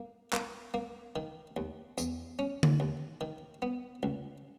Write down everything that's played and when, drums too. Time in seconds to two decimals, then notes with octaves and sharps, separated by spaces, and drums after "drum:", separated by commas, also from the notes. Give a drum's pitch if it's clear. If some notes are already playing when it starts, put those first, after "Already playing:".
Already playing: A#3
0.33 A#3, drum: clap
0.74 A#3
1.16 D#3
1.57 D#2
1.98 E2, drum: tambourine
2.39 C#4
2.63 drum: tom D3
2.80 D#2
3.21 D#3
3.62 B3
4.03 C#2